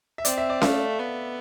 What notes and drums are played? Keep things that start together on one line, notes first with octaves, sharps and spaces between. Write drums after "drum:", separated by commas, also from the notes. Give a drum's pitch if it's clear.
E5
C4 D5, drum: hi-hat
E5
D5
A3 F5, drum: snare C#4
B3